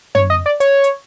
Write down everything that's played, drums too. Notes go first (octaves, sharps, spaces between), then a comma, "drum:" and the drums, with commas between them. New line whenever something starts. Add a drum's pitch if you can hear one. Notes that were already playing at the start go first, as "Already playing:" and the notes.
C#5, drum: tom
D#5
D5
C#5, drum: hi-hat
drum: hi-hat